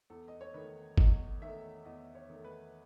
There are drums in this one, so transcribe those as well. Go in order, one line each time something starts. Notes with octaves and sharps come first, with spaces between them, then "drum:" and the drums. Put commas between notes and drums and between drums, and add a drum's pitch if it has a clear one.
E2 A4
D#5
C#5
D#3 A3 B4
E2 D#5, drum: kick G1
D#3 A3 E5
E2 D#5
C#5
D#3 A3
B4